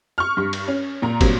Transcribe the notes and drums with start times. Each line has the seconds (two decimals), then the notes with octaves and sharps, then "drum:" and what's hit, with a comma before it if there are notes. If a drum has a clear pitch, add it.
0.18 C#6 F6
0.37 G2 C#6
0.53 drum: cymbal
0.68 C#4
1.02 A#2 A#5
1.21 G2 A#2 F#3 C4, drum: kick, cymbal